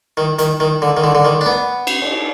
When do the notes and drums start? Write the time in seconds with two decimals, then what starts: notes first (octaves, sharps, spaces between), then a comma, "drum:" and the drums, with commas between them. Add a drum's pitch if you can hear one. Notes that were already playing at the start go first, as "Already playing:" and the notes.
0.17 D#3
0.39 D#3, drum: hi-hat
0.60 D#3
0.82 D3
0.97 D#3
1.04 D3
1.15 D3
1.25 D#3
1.41 D4
1.46 B3
1.87 drum: cymbal
2.02 drum: cymbal